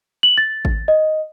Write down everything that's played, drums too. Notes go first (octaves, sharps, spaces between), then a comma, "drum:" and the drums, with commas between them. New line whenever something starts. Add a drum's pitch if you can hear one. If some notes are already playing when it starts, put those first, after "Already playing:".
F#7
A6
drum: kick G#1
D#5